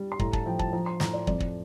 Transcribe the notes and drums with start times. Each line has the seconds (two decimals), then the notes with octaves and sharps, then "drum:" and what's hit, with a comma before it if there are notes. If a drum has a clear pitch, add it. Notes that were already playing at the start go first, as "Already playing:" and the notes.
Already playing: G3
0.12 C6
0.19 A2 A#5, drum: kick
0.33 A5, drum: kick
0.46 F3 G5
0.59 A5, drum: kick
0.73 F3 A#5
0.86 C6
1.00 A2 A#5, drum: snare
1.13 D5
1.27 F2 D5, drum: kick
1.40 drum: kick